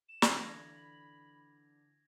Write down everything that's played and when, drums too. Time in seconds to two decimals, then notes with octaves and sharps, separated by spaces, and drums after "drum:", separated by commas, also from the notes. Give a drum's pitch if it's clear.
0.09 E7
0.22 D3 E3 D4 B5 G#6 A#6 F7, drum: snare